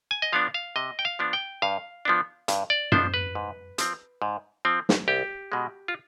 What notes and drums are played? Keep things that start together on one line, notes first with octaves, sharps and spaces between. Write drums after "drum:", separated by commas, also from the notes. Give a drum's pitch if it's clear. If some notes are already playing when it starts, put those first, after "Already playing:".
G#5
D#5
F3 B3 D4 F5
F5
C3 D#5
G5
F5
F3 B3 D4
G5
G2 F5
F3 B3 D4
G2, drum: hi-hat
D5
F3 B3 D4 C5, drum: tom F#2
B4
G#2
F3 C4, drum: hi-hat
G#2
F3 C4
drum: snare
C2 G4
B2 G#3
F4